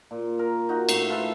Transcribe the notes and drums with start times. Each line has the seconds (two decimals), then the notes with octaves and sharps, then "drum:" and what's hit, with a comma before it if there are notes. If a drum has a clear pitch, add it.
0.11 A#2
0.39 A#4
0.69 D#4 F#4
0.89 A2, drum: cymbal
1.10 F4 A4 B4 E5